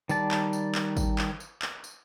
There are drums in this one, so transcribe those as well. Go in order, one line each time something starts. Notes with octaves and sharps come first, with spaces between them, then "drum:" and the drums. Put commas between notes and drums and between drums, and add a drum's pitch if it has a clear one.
D#3 G3 D5 A5, drum: tambourine
drum: clap
drum: tambourine
drum: clap
drum: kick G#1, tambourine
drum: clap
drum: tambourine
drum: clap
drum: tambourine